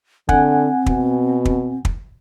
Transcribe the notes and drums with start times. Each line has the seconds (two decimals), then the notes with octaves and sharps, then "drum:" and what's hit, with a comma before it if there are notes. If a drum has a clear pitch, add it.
0.29 D3 C4 F#5 G#5, drum: kick
0.86 B2, drum: kick
1.45 drum: kick
1.85 drum: kick